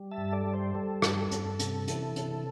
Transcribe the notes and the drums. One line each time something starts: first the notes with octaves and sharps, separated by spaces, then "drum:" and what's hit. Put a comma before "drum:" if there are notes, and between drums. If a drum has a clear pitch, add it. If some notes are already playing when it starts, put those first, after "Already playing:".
Already playing: G3
E5 A5
G2
A4 D5
G3
C5
G3 A4
G2, drum: rim click
G2, drum: hi-hat
C3, drum: hi-hat
E3, drum: hi-hat
C3, drum: hi-hat